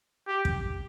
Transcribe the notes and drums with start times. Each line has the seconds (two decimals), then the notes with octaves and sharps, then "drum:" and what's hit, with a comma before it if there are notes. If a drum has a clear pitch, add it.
0.27 G4
0.45 drum: kick